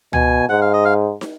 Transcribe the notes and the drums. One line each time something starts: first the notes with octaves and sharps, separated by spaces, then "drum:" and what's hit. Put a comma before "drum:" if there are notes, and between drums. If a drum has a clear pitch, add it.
B2 G#5, drum: tom
G#2 F#5
F5
D#5
F5
drum: snare